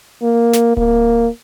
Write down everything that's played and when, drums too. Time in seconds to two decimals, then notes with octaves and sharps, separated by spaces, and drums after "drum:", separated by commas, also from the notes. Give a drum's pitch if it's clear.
0.23 A#3
0.53 drum: snare
0.77 A#3, drum: kick D1